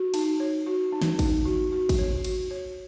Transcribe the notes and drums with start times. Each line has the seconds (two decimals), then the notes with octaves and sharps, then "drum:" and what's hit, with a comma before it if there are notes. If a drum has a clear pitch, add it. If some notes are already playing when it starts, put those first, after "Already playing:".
Already playing: F#4
0.14 D#4, drum: cymbal
0.40 C#5
0.66 F#4
0.92 D#4
1.02 drum: snare
1.19 D#4, drum: kick, cymbal
1.45 F#4
1.72 F#4
1.89 drum: kick, cymbal
1.98 C#5
2.24 F#4, drum: cymbal
2.51 C#5